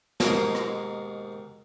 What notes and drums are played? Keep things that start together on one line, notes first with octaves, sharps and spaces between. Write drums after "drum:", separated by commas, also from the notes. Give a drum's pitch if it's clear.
D#2 G#2 B2 A#4 C6 D#6, drum: snare
drum: rim click